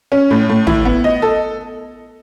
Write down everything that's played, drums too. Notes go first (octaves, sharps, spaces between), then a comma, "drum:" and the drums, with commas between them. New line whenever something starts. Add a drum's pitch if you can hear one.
C#4
A2
A2
E4, drum: tom
B3
D#5
A4